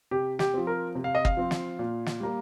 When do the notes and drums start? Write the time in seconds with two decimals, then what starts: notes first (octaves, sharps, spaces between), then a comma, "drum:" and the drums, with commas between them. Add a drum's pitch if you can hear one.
0.11 C3 G4
0.39 G4, drum: snare
0.54 F3 C4
0.67 A#4
0.95 C3
1.04 F5
1.15 D#5
1.25 F5, drum: kick
1.37 F3 C4
1.51 drum: snare
1.79 A#2
2.06 drum: snare
2.20 G3 A#3